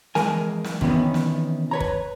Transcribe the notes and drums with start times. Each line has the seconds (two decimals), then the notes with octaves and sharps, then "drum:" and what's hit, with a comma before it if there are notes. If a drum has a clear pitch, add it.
0.15 F2 E3 G#3 A#4 G#5, drum: snare
0.64 drum: snare
0.81 C3 D#3 E3 B3 C#4 D#4, drum: kick
1.14 drum: snare
1.71 B4 C#5 A#5
1.80 drum: kick